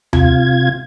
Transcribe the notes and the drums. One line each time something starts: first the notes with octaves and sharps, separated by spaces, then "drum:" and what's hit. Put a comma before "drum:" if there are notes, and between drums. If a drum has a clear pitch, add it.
C3 F4 G#6, drum: tom D#2